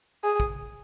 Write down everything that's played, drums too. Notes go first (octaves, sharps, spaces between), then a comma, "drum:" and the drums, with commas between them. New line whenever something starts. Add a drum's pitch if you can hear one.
G#4
drum: kick